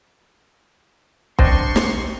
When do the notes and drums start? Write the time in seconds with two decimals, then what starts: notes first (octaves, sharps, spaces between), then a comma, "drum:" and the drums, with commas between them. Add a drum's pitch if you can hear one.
1.39 C4 D4 C5 D#5 C6 C#6, drum: kick
1.76 drum: snare